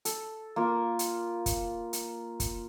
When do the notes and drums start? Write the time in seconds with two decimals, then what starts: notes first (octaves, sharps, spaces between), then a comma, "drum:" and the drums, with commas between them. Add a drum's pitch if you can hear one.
0.05 A4, drum: hi-hat
0.56 A#3 F4
0.99 drum: hi-hat
1.46 drum: kick, hi-hat
1.93 drum: hi-hat
2.40 drum: kick, hi-hat